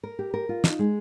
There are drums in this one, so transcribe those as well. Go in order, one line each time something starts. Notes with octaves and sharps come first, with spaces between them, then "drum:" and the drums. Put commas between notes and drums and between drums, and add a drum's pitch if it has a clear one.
A#4
G4
A#4
F4
D#4, drum: snare
G#3